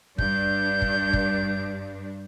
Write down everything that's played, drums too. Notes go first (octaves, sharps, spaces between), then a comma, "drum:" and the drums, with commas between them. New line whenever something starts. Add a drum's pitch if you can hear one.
G2 D4 G6, drum: kick
drum: kick
drum: kick